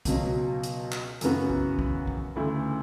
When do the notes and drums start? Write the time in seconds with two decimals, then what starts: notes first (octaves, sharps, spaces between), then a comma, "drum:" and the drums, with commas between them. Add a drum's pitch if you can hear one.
0.05 C#2 B2 F#3, drum: kick, hi-hat
0.63 drum: hi-hat
0.92 drum: clap
1.21 F#2 C#3 E3 B3 F#4, drum: hi-hat
1.50 drum: kick
1.79 drum: kick
2.07 drum: kick
2.36 D2 C#3 E3 A3 E4